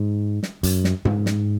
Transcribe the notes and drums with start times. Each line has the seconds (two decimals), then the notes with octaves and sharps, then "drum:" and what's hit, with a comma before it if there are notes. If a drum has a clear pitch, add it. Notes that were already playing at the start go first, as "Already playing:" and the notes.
Already playing: G#2
0.43 drum: snare
0.63 F#2, drum: hi-hat
0.84 drum: snare
1.05 G#2, drum: tom G#2
1.26 drum: snare